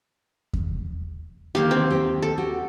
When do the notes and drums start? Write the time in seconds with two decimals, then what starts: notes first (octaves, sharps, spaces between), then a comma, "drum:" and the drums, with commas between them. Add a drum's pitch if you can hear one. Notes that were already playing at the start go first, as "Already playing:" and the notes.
0.53 drum: kick E2
1.55 D3 D#3 A#3 G4 F5
1.71 C4
1.90 D#2 G#2 G4
2.22 A4
2.37 F#4 G4